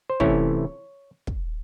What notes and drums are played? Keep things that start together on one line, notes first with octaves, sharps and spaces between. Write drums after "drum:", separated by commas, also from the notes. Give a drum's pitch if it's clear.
C5
C3 E3 A3 C#4 E4 C#5, drum: kick
drum: kick